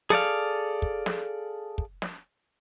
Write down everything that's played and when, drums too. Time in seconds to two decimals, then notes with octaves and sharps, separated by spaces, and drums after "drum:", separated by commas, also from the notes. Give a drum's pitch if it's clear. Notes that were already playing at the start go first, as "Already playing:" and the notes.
0.10 G#4 A4 D5 F5, drum: snare
0.82 drum: kick
1.06 drum: snare
1.78 drum: kick
2.02 drum: snare